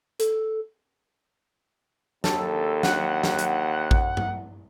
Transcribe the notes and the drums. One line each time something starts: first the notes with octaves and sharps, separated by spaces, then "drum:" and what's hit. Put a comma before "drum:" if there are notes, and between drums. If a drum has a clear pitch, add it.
A4, drum: hi-hat
D#2 A4, drum: snare
F#5, drum: snare
drum: snare
drum: hi-hat
drum: kick A1
drum: tom G2